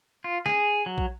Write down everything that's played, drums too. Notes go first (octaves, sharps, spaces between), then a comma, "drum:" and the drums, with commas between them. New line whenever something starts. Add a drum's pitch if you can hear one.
F4
G#4, drum: snare
F#3
drum: kick